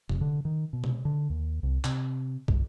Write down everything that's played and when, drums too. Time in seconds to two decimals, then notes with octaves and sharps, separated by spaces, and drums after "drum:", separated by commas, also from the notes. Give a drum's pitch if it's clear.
0.09 F1, drum: tom C3
0.21 D3
0.45 D#3
0.73 B2
0.84 drum: tom C3
1.05 D3
1.30 D#2
1.63 C2
1.84 C3, drum: clap
2.48 G1, drum: kick